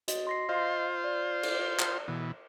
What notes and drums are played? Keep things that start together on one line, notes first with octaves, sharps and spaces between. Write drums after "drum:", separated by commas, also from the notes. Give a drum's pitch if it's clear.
F#4 D#5, drum: hi-hat
C6 A#6 C7
F4 C5 D#5 F5
D5
drum: cymbal
drum: clap
B2 E3